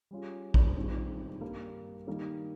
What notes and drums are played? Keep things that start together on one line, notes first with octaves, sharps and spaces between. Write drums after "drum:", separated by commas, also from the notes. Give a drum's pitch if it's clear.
G3 C#4 F4 G#4
drum: kick A#1
G2 D#3 G#3 C4 F4
G2 G3 A#3
D#3 G3 A#3 D#4 A#4